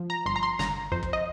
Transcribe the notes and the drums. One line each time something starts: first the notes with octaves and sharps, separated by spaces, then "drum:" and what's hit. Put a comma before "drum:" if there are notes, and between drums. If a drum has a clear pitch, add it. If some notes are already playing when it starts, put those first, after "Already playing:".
Already playing: F3
A#5
G1 C6
A#5
C6
G1 A#5, drum: snare
F2 C5
drum: kick
D#5